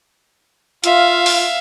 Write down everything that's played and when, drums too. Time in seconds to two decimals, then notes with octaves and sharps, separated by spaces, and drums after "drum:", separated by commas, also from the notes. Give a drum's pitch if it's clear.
0.84 F4 E5 F5, drum: hi-hat
1.26 drum: open hi-hat